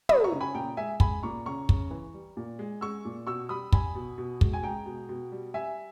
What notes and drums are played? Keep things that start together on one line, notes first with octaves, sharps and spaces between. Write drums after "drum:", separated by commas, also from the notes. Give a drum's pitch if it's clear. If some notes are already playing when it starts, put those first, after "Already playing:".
G3 B5 D#6, drum: tom
A#5 C#6
C#3
G#5 B5
A#2 G5 A#5
G#3 E5 G#5
G#3 G#5 B5, drum: kick
A#2 A#5 C#6
C#3 A#5 C#6
C#3, drum: kick
E3
G3
A#2
G#3
G#3 C#6 E6
A#2
B2 C#6 E6
G3 B5 D#6
G3 G#5 B5, drum: kick
B2
B2
G#3, drum: kick
G#5
G#3 G5 A#5
B2
B2
G3
G3 E5 G#5